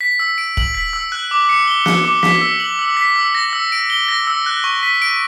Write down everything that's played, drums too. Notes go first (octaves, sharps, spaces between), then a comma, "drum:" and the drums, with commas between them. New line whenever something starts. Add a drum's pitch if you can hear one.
B6
E6
D7
F#7, drum: kick
B6
E6
F#6
D6
C#7
G7
F#6, drum: snare
D6
B6, drum: snare
E6
F#7
E6
B6
E6
A#6
E6
D7
G7
A#6
E6
F#6
C#6
B6
D7